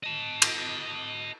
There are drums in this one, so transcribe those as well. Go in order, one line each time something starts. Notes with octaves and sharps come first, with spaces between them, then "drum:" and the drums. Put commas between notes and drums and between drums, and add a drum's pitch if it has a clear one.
D#5 A5
drum: cymbal